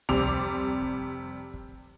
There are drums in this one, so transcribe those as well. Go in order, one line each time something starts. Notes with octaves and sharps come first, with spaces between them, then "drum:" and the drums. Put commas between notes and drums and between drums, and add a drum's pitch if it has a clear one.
F1 C3 G3 C4 D6 F7, drum: tom C#2
drum: kick
drum: kick